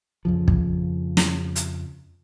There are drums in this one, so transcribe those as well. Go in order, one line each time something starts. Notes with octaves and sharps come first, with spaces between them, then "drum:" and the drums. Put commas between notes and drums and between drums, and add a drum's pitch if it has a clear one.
F2 C#3 F3
drum: kick
drum: snare
drum: hi-hat